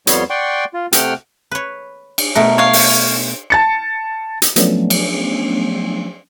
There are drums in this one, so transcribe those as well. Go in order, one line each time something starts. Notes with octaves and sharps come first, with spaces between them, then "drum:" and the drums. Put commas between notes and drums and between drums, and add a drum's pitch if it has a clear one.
F2 G3 B3 C#5 C6, drum: hi-hat
D5 F#5 G5 C6 C#6
F4
C3 A3 F#5 G5 F6, drum: hi-hat
B4 C#5
drum: cymbal
B2 A3 A#4
C#5 F5
drum: open hi-hat
A5 A6 C#7
drum: hi-hat
F3 F#3 A3 B3 C#4 D4, drum: hi-hat
drum: cymbal